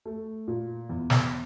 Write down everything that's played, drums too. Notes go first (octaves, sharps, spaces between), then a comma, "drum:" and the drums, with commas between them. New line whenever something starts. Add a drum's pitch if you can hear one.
A3
A#2
E2
drum: snare